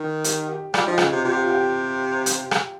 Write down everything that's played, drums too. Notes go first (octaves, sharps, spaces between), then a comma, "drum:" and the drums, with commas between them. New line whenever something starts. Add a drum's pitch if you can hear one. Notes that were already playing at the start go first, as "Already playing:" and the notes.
Already playing: D#3
G4, drum: hi-hat
G4
G3 F4, drum: rim click
F3 D#4
C#3 F4, drum: rim click
C3
C3 F4
G4
F4
G4
drum: hi-hat
drum: rim click